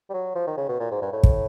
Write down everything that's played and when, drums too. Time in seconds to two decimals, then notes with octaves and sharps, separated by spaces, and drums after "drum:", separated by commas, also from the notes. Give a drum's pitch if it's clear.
0.10 G3
0.14 F#3
0.35 F3
0.47 D#3
0.57 C#3
0.69 B2
0.80 A#2
0.91 G#2
1.02 G2
1.13 A2
1.23 drum: kick